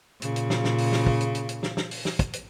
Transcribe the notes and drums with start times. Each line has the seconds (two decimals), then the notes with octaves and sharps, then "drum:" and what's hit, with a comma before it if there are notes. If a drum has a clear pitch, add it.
0.22 A#2 C#3, drum: hi-hat
0.36 drum: hi-hat
0.50 drum: snare
0.64 drum: snare
0.78 drum: open hi-hat
0.92 drum: snare
1.06 drum: kick
1.21 drum: hi-hat
1.35 drum: hi-hat
1.49 drum: hi-hat
1.63 drum: snare
1.77 drum: snare
1.91 drum: open hi-hat
2.05 drum: snare
2.19 drum: kick, hi-hat
2.33 drum: hi-hat